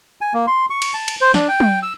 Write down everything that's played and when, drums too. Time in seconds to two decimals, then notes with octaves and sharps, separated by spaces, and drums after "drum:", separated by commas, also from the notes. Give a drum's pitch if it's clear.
0.21 G#5
0.34 A#3
0.47 C6
0.70 C#6
0.82 drum: cymbal
0.94 A5
1.08 drum: cymbal
1.21 C5
1.34 D4, drum: snare
1.49 G5
1.60 drum: tom
1.83 E6